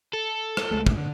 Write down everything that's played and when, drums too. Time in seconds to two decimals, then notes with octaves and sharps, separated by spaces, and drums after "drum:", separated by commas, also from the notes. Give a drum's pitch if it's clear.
0.13 A4
0.57 drum: rim click
0.71 C#2 G#3 A3
0.87 drum: kick
0.97 D3